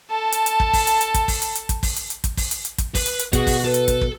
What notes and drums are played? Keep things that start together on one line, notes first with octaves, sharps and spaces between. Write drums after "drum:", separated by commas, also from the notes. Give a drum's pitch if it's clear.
A4 A5
drum: hi-hat
drum: hi-hat
drum: kick
drum: kick, open hi-hat
drum: hi-hat
drum: hi-hat
drum: kick, hi-hat
drum: kick, open hi-hat
drum: hi-hat
drum: hi-hat
drum: kick, hi-hat
drum: kick, open hi-hat
drum: hi-hat
drum: hi-hat
drum: kick, hi-hat
drum: kick, open hi-hat
drum: hi-hat
drum: hi-hat
drum: kick, hi-hat
B4, drum: kick, open hi-hat
drum: hi-hat
drum: hi-hat
B2 F#4 G#4 F#5, drum: kick, hi-hat
drum: kick, open hi-hat
A4 B4
drum: hi-hat
drum: kick, hi-hat
drum: kick